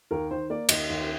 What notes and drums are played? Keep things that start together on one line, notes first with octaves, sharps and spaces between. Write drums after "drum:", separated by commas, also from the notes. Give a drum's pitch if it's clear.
D#2 A#4
D#3 C5
A#3 D5
D#2 D#5, drum: cymbal
D#2